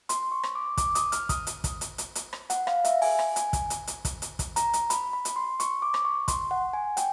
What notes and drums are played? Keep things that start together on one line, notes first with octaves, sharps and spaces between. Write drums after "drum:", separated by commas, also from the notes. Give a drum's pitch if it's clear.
C6, drum: hi-hat
C#6
drum: rim click
D6
D6, drum: kick, hi-hat
D#6, drum: hi-hat
F6, drum: hi-hat
D#6, drum: kick, hi-hat
drum: hi-hat
drum: kick, hi-hat
drum: hi-hat
drum: hi-hat
drum: hi-hat
drum: rim click
F#5, drum: hi-hat
F5, drum: rim click
E5, drum: hi-hat
G#5, drum: open hi-hat
drum: rim click
G#5, drum: hi-hat
drum: kick, hi-hat
drum: hi-hat
drum: hi-hat
drum: kick, hi-hat
drum: hi-hat
drum: kick, hi-hat
A#5, drum: hi-hat
drum: hi-hat
B5, drum: hi-hat
B5
drum: hi-hat
C6
C#6, drum: hi-hat
D6
drum: rim click
C#6
C6, drum: kick, hi-hat
F#5
G#5
G5, drum: hi-hat